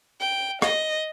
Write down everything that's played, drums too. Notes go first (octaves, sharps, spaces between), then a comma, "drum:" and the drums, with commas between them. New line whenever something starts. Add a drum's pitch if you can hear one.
G5
D#5, drum: rim click